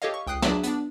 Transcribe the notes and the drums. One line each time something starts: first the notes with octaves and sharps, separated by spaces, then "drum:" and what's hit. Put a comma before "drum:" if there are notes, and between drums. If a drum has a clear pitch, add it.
G4 A4 C#5 D#5 F5
C#6
C#2 G5 D#6 F#6 C7
F#3 D4 G#4 D5 E5 E7, drum: snare
B3 D4, drum: hi-hat